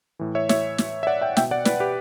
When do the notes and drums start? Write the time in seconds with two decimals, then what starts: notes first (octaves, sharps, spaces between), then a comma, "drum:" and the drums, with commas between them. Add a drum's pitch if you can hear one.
0.19 A2 E3
0.35 C#5 E5
0.49 C#5 E5, drum: snare
0.78 drum: snare
1.03 E5
1.07 D5 F#5
1.21 E5 G5
1.37 B2 E5 G5, drum: snare
1.51 D5 F#5
1.65 B4 D5, drum: snare
1.80 G4 B4